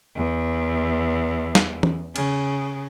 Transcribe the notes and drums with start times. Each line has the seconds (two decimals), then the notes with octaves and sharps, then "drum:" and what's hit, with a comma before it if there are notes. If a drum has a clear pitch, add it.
0.16 E2
1.55 drum: snare
1.83 drum: tom E3
2.16 C#3, drum: cymbal